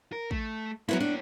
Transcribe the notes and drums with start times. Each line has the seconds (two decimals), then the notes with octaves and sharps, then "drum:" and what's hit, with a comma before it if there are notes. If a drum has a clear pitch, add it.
0.13 A#4
0.31 A3, drum: kick
0.89 F#3 A#3 B3 E4 C#5
1.00 D4